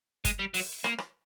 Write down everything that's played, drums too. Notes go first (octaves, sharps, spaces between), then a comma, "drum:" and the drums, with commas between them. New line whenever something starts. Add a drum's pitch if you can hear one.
G#3, drum: kick G1, hi-hat
G3
F#3, drum: open hi-hat
A#3, drum: rim click
drum: rim click